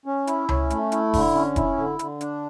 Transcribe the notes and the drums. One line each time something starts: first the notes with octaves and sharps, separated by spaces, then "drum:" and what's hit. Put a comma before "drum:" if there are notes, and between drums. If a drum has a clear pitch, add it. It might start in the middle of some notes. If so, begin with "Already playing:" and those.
C#4
E4, drum: hi-hat
C#4, drum: tom C#2
A3, drum: hi-hat
E4, drum: hi-hat
D3, drum: kick F1, open hi-hat
C#4
E4, drum: kick F1, hi-hat
D3
D3, drum: hi-hat
D4, drum: hi-hat